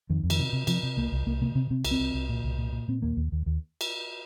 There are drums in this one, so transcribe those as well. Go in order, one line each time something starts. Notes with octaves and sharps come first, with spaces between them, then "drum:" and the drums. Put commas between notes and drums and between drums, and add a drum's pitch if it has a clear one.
F2 D#3
F2
D#3, drum: cymbal
C3
C3
C3 F3, drum: cymbal
C3
C2 A#3
C2
C2 A#3
C3 A#3
C3 C4
C3 C4
C2, drum: cymbal
C4
C2
C2
A#2
C2
A#2
A#2
A#2 C4
D#2 A#3
D#2
D#2
D#2
drum: cymbal